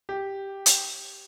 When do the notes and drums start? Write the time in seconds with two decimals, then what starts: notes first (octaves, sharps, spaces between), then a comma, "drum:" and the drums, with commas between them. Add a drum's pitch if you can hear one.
0.09 G4
0.66 drum: hi-hat